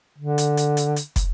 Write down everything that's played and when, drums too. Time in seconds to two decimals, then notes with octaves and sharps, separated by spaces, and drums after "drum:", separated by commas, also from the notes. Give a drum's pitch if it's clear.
0.18 D3
0.38 drum: hi-hat
0.57 drum: hi-hat
0.77 drum: hi-hat
0.96 drum: hi-hat
1.16 drum: kick, hi-hat